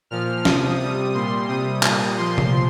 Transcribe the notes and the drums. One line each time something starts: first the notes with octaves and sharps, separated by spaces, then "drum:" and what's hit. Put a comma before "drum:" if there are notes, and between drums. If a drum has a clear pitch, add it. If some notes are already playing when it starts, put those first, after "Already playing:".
A#2 F3 F6
C3 F3 D#6, drum: snare
C3 G3 D#6
A#2 G3 C6
C3 G3 D#6
A#2 G3 D#6, drum: clap
A#2 F3 C6
drum: tom C3